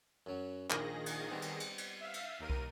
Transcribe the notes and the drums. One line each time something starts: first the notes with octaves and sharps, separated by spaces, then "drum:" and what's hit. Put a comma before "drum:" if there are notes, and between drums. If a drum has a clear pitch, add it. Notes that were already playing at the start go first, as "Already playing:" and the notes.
F#2 F#3
A#1 A#2 D#3 G#4 A#6, drum: clap
drum: cymbal
G3 B3 C4
drum: cymbal
drum: cymbal
drum: cymbal
E5 F5
drum: cymbal
D#2 A#4 D#7
drum: kick